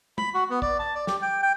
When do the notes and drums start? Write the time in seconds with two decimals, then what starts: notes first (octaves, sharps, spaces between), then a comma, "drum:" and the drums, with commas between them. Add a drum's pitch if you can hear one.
0.18 B5, drum: tom
0.34 F#4
0.50 B3
0.62 D5, drum: kick
0.79 A5
0.95 D5
1.07 G4, drum: snare
1.22 G5
1.42 G5